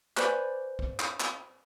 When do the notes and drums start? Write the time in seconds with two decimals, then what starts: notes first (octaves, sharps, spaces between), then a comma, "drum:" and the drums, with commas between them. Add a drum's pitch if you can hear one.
0.17 B4 C5 D5 G#5, drum: clap
0.79 drum: kick
1.00 drum: clap
1.20 drum: clap